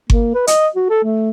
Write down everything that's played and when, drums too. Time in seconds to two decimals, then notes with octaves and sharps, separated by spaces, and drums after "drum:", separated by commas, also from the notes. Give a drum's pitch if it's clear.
0.10 A#3, drum: kick G1
0.34 B4
0.47 D#5, drum: hi-hat
0.75 F#4
0.89 A4
1.04 A3